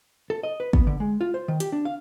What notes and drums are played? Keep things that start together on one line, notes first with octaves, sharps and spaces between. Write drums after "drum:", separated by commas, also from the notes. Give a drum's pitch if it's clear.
A4
D#5
B4
B3, drum: kick
D3
G#3
F4
C5
D#3
G4, drum: hi-hat
D4
F5